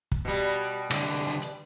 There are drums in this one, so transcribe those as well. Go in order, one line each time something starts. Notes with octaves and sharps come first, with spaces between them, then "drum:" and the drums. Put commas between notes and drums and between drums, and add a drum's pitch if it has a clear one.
drum: kick
B2 G3
C2 D3, drum: rim click
drum: hi-hat